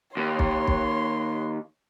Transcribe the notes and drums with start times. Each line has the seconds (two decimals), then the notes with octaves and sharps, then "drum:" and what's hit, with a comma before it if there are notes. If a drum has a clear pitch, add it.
0.17 D#2 C#5 C6
0.39 drum: kick B1
0.68 drum: kick B1